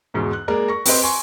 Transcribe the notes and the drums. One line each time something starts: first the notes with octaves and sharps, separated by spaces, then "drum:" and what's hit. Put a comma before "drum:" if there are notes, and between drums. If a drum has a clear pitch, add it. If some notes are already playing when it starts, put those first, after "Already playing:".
E2 G#2 B2
F#6
G#3 A#3 A#4 D5
C#6 A#6
C4 G4 B4 D#5 C6, drum: open hi-hat
G#5 C6 C#6